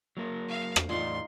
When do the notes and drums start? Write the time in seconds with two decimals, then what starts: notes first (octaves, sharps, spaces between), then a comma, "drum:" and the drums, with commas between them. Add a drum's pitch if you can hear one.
0.17 F#3 A#3 A#4
0.48 F5
0.76 drum: rim click
0.89 E2 A2 D#4 F4 D5 C6